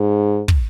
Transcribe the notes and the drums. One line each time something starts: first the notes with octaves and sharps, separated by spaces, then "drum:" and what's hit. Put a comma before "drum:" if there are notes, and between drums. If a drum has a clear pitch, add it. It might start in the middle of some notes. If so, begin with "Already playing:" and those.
Already playing: G#2
drum: kick